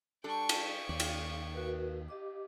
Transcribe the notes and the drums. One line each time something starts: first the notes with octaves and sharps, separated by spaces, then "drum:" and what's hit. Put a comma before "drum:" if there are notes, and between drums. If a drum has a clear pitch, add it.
G3 D4 A4 G5 C#6
drum: cymbal
D#2 C#5 D5
drum: cymbal
F#4 A#4 B4
G4 D#5 D6